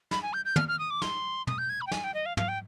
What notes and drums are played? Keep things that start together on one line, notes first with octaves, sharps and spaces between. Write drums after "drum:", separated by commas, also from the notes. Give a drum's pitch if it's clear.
B5, drum: snare
G#5
G6
G6
F6, drum: tom
F6
D#6
D6
C6, drum: snare
D#6, drum: tom
G6
G#6
B5
G5
G#5, drum: snare
G5
D#5
F5
F5, drum: tom
G5